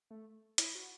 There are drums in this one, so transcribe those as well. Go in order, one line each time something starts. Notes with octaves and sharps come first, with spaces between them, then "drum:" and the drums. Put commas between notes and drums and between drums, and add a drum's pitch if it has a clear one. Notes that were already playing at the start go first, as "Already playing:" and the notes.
A3
E4, drum: hi-hat
F#4